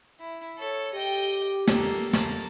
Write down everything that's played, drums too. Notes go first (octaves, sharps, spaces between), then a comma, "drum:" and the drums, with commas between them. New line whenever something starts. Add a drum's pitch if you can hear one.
E4
A4 C#5
G4 D#5 G5
A#3 A4, drum: snare
A#3 A5, drum: snare